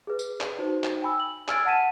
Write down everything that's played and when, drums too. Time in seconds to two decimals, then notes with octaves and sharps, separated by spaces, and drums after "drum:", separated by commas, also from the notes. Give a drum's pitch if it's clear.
0.07 G#4 B4
0.19 drum: tambourine
0.41 drum: clap
0.59 D#4 F#4 C5
0.84 drum: clap
1.02 G5 G#5 B5 E6
1.20 F#7
1.48 G#5 E6 F6 G#6 A6 D7, drum: clap
1.65 F#5 A5 B6 D#7 E7